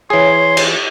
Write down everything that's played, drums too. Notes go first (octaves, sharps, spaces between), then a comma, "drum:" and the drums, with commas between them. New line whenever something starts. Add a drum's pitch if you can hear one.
E3 G#4 C#5 C6
drum: cymbal